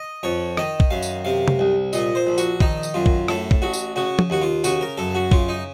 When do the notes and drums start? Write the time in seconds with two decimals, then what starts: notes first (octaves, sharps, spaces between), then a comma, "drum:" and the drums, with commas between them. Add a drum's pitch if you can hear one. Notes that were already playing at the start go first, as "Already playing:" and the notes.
Already playing: D#5
0.23 F2 C#5
0.57 D#3 D#5, drum: rim click
0.80 drum: kick
0.91 F#2 F5
1.02 drum: tambourine
1.25 C3 F5
1.48 drum: tom C3
1.59 C2
1.93 A#2 D#5, drum: tambourine
2.15 C5
2.27 A#1
2.38 F#4, drum: tambourine
2.60 D#3 D#4, drum: kick
2.83 drum: tambourine
2.94 F#2 F4
3.06 drum: kick
3.28 A2 A4, drum: rim click
3.51 drum: kick
3.62 A1 F#4
3.74 drum: tambourine
3.96 C#3 F#4
4.19 drum: tom F3
4.30 D#2 F#4
4.42 F4
4.64 C#3 F#4, drum: tambourine
4.81 A#4
4.97 F#2 A4
5.15 F#4
5.31 C#3 F4, drum: kick
5.49 D#4